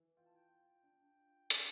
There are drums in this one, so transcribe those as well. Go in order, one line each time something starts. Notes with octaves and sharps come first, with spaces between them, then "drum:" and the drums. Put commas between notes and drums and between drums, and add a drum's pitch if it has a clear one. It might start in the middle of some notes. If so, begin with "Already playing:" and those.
Already playing: E3
F4 G5
A5
G5
F4
D4
F4
F3, drum: hi-hat